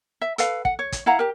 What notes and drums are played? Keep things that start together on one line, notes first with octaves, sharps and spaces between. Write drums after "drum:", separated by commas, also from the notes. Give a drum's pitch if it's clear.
E5
A4 B4 F5, drum: hi-hat
F#5, drum: kick
C#5
drum: kick, hi-hat
E4 F5 F#5 A#5
G4 A#4